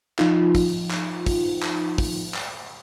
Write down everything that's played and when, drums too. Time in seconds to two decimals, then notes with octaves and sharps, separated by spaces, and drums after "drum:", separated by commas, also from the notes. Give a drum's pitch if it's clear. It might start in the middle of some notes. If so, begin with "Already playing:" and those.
0.19 F3 D#4 F4, drum: clap
0.55 drum: kick, open hi-hat
0.91 drum: clap
1.26 drum: kick, open hi-hat
1.62 drum: clap
1.98 drum: kick, open hi-hat
2.34 drum: clap